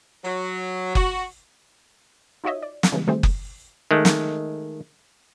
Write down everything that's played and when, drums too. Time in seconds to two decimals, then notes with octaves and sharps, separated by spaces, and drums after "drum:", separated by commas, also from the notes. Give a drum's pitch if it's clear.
0.24 F#3
0.95 F#4, drum: kick F#1
2.44 D#4 F4 F#4 C#5 D#5 E5
2.62 D5
2.83 drum: snare
2.92 C#3 E3 G3 G#3 B3
3.07 D#3 G3 A3 C4 G#4 C5
3.23 drum: kick F#1
3.91 D#3 G#3 A3
4.05 drum: snare